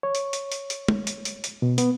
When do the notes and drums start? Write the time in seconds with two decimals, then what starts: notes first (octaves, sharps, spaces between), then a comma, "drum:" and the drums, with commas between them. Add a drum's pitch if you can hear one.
0.03 C#5
0.15 drum: hi-hat
0.33 drum: hi-hat
0.52 drum: hi-hat
0.70 drum: hi-hat
0.88 drum: tom
1.07 drum: hi-hat
1.25 drum: hi-hat
1.44 drum: hi-hat
1.62 B2
1.78 B3, drum: hi-hat